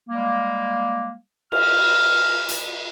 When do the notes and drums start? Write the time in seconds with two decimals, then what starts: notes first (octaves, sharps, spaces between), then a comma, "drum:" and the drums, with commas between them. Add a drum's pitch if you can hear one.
0.09 G3 G#3 A#3
1.52 F6, drum: cymbal
2.48 drum: hi-hat